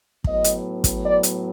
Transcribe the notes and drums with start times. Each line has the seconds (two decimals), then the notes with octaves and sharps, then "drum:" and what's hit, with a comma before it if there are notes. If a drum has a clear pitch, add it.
0.24 A2 F#3 B3 D#5, drum: kick
0.44 drum: hi-hat
0.84 drum: kick, hi-hat
1.04 D5
1.23 drum: hi-hat